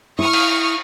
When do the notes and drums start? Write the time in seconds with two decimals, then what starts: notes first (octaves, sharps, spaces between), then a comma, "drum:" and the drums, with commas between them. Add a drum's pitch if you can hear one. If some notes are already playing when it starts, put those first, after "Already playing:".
0.19 E4 C#6 D#6 F6
0.33 drum: cymbal